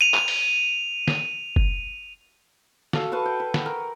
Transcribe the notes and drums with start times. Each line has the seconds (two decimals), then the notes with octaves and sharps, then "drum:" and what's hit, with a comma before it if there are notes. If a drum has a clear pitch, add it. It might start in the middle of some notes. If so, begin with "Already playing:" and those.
0.01 D#7 F7
0.14 drum: clap
0.28 drum: open hi-hat
1.08 drum: snare
1.56 drum: kick F#1
2.93 F#4 A4 F5, drum: snare
3.12 B4 A5 C#6
3.26 G5
3.40 B4
3.54 F#5, drum: snare
3.66 A#4